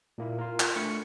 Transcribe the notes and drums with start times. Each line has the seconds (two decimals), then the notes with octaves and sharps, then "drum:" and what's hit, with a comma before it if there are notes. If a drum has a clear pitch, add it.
0.18 A#2 A#3 E4
0.39 F4 A#4
0.60 drum: clap
0.76 A3 D4 B5 C#6 C#7